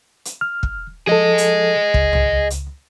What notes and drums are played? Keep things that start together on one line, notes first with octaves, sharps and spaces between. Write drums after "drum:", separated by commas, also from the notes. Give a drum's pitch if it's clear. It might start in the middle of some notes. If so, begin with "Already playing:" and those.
drum: hi-hat
F6
drum: kick
F3 G#4 A4 D#5
drum: hi-hat
C#2, drum: kick
drum: tom
drum: hi-hat